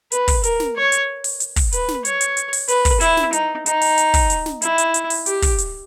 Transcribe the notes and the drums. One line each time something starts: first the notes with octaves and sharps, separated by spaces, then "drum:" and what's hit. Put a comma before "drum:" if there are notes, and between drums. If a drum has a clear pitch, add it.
B4, drum: hi-hat
drum: kick, open hi-hat
A#4, drum: hi-hat
drum: snare
C#5
drum: hi-hat
drum: open hi-hat
drum: hi-hat
drum: kick, open hi-hat
B4, drum: hi-hat
drum: snare
C#5, drum: hi-hat
drum: hi-hat
drum: hi-hat
drum: open hi-hat
B4, drum: hi-hat
drum: kick, open hi-hat
E4, drum: hi-hat
drum: snare
D#4, drum: hi-hat
D#4, drum: hi-hat
drum: open hi-hat
drum: hi-hat
drum: kick, open hi-hat
drum: hi-hat
drum: snare
E4, drum: hi-hat
drum: hi-hat
drum: hi-hat
drum: open hi-hat
G4, drum: hi-hat
drum: kick, open hi-hat
drum: hi-hat